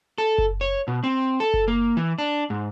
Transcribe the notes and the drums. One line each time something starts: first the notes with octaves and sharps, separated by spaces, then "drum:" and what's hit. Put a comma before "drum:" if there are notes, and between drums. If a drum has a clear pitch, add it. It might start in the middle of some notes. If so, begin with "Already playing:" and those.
A4
drum: kick F#1
C#5
B2
C4
A4
drum: kick F#1
A#3
E3
D4
G#2